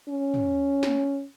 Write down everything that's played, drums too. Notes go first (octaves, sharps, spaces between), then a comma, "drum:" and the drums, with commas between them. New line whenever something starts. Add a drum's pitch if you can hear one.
C#4
drum: tom
drum: snare